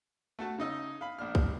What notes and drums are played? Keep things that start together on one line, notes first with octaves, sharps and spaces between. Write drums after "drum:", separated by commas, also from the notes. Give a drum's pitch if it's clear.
A3 F#4 A5
C#3 D#4 D#5 E6
F5 B5
A#1 D4 F6
drum: kick B1